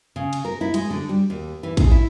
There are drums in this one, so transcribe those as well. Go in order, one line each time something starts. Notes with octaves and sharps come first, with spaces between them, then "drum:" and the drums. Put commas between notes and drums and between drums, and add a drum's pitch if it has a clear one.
C#3
drum: cymbal
A#4
E4
G#3, drum: cymbal
D3
G3
D#2
E3
G#2, drum: kick, cymbal
E4